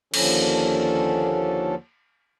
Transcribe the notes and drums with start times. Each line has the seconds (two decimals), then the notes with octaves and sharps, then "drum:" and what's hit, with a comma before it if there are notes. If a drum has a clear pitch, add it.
0.14 D#2 D3 F3 C#4 A4, drum: cymbal